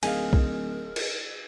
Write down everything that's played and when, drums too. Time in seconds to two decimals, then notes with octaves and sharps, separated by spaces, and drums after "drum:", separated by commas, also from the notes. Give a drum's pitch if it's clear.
0.03 D1 D#4 G#4 A#4 D#5 F5 G#5, drum: cymbal
0.33 drum: kick B1
0.96 drum: cymbal